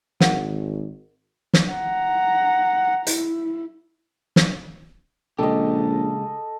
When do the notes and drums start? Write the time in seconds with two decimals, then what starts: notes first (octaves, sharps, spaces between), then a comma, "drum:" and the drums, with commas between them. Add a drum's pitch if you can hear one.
0.21 G#1 A#4 F5 F#5, drum: snare
1.54 drum: snare
1.70 F#5 A#5
3.07 E4, drum: hi-hat
4.36 drum: snare
5.39 A#1 C#3 G#3 G4 A4 D#5